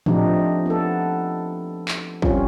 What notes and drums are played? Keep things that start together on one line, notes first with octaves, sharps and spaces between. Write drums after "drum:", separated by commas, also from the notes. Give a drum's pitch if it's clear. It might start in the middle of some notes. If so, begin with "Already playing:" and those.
F3 A3 C4 D4 D#4 G4, drum: tom A2
B3 A4
drum: clap
G3 C4 C#4 F4, drum: kick